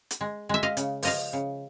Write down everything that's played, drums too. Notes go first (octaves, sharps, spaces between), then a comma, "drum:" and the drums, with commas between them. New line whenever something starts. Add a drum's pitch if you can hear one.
drum: hi-hat
G#3
G#3 E5
D#5 F5
C#3, drum: hi-hat
F3 D#5 F5, drum: open hi-hat
C#3